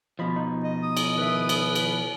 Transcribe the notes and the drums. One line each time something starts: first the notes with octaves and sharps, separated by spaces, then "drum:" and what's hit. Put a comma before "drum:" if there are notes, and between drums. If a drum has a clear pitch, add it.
B2 F3 F4 D#5 B5
D#4
D#5
D#6
drum: cymbal
D#3 B4 E5
drum: cymbal
drum: cymbal